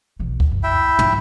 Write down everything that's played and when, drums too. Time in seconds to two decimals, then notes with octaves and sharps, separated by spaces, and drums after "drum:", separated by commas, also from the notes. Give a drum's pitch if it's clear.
0.20 B1 E3
0.40 drum: kick C#2
0.52 F#2
0.63 E4 E5 G5
0.99 G#1, drum: tom